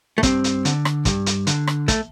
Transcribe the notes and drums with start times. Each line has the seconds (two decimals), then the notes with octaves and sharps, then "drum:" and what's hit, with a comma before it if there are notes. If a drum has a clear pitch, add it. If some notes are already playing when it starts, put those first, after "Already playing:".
0.18 A3
0.23 G2 C4, drum: kick, hi-hat
0.44 drum: hi-hat
0.65 D3, drum: hi-hat
0.85 drum: rim click
1.05 G2, drum: kick, hi-hat
1.26 drum: hi-hat
1.47 D3, drum: hi-hat
1.67 drum: rim click
1.88 A3, drum: kick, hi-hat